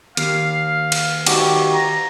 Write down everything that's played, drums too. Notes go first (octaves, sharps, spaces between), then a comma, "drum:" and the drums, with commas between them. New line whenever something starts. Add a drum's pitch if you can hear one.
D#2 F5, drum: hi-hat
drum: cymbal
D#3 F#4 G4, drum: cymbal
A#5